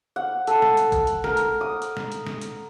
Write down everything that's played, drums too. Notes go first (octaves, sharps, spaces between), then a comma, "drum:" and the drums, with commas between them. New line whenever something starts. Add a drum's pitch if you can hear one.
F#5
A4, drum: hi-hat
drum: snare
drum: hi-hat
drum: kick, hi-hat
drum: hi-hat
A#4, drum: snare
drum: hi-hat
D#6
drum: hi-hat
drum: snare
drum: hi-hat
drum: snare
drum: hi-hat